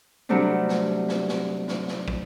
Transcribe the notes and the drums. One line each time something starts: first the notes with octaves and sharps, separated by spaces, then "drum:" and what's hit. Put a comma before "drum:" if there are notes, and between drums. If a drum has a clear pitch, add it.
C3 F#3 G3 A3 C4 D4
drum: snare
drum: snare
drum: snare
drum: snare
drum: snare
drum: kick